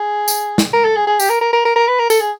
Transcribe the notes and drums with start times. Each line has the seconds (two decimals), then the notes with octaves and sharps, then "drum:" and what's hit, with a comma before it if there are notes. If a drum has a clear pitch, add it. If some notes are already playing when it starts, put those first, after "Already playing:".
Already playing: G#4
0.28 drum: tambourine
0.58 drum: snare
0.73 A#4
0.85 A4
0.96 G#4
1.07 G#4
1.20 G4, drum: tambourine
1.30 A#4
1.41 A#4
1.53 A#4
1.65 A#4
1.76 A#4
1.88 B4
1.99 A#4
2.10 A4, drum: tambourine
2.21 G#4